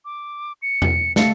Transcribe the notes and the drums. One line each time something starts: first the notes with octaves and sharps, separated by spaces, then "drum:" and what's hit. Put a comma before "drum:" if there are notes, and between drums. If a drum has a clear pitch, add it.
D6
C#7
drum: tom E2
A3 F5 C#7, drum: snare